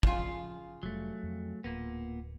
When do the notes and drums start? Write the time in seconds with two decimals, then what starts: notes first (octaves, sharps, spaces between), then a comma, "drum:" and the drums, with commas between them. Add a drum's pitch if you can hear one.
0.03 C#3 F3 F4 G#5, drum: kick
0.83 F1 A#2 F#3 G3 A3
1.23 F2
1.64 D1 A#2 A#3 B3